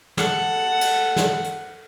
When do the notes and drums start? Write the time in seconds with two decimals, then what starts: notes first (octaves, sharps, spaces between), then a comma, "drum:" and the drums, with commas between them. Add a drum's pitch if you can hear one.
0.17 A4 F#5, drum: snare
0.81 drum: cymbal
1.16 drum: snare
1.44 drum: hi-hat